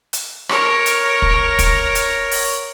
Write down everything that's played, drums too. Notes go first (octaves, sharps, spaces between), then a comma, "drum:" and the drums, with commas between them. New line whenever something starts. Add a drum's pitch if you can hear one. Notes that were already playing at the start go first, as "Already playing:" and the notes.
drum: hi-hat
A#4 C#5, drum: rim click
drum: hi-hat
drum: kick
drum: kick, hi-hat
drum: hi-hat
drum: open hi-hat